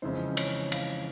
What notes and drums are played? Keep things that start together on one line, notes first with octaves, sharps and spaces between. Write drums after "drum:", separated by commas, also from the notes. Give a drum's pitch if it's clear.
F2 C#3 E3 G#3 C5
C#5, drum: cymbal
F5, drum: cymbal